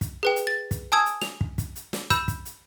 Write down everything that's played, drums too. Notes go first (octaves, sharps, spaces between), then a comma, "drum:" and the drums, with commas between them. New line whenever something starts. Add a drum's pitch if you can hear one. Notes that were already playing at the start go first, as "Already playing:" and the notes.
drum: kick, hi-hat
G#4 B4 G5
drum: hi-hat
A6
drum: kick, hi-hat
G#5 A5 D#6 E6 G#6
drum: hi-hat
F7, drum: snare
drum: kick
drum: kick, hi-hat
drum: hi-hat
drum: snare
B5 E6 G6 E7, drum: kick, hi-hat
drum: kick, hi-hat
drum: hi-hat